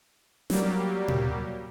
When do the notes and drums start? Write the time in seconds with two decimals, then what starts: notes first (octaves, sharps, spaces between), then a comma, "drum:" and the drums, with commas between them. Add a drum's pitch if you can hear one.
0.50 F#3 G3 A#3 G4, drum: snare
1.08 drum: tom